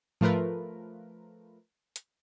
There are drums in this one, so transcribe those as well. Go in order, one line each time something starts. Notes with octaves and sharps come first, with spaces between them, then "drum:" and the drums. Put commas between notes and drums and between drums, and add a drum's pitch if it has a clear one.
F3 A3 F4 A#4 B4, drum: tom G#2
drum: hi-hat